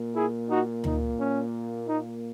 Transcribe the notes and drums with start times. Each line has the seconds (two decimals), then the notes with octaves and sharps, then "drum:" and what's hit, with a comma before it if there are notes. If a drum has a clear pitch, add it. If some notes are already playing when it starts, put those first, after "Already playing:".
Already playing: A#2 A#3
0.15 E4 G#4
0.49 D#4 F#4
0.84 D#4, drum: tom D2
1.18 C#4
1.87 D#4